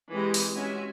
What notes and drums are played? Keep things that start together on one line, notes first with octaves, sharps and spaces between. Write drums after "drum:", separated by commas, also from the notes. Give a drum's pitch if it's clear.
E3 G#3 C4 G4 D#5
drum: open hi-hat
G#3 C#4 F#4 G4 E5 G#5